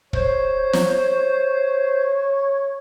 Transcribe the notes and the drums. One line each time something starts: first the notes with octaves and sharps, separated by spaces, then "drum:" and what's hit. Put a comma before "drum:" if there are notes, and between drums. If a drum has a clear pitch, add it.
C5 C#5, drum: kick
drum: snare